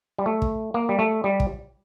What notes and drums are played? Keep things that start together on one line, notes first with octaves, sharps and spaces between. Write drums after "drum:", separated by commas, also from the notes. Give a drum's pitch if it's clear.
G3
A3
drum: kick
A#3
G3
A3
G3
drum: kick